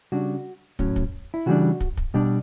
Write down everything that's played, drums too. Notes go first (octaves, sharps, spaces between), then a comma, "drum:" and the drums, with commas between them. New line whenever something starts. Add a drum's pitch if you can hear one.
C#3 G3 D4 F#4
A2 F#3 C#4, drum: kick
drum: kick
E4
C#3 E3 G3 D4 F#4
drum: kick
drum: kick
B2 G3 D4